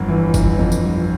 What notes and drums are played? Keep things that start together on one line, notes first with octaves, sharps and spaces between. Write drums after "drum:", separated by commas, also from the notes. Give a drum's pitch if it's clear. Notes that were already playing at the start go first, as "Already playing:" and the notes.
Already playing: G1 F2
E3
G1, drum: kick G1, tambourine
F2
drum: tambourine
G1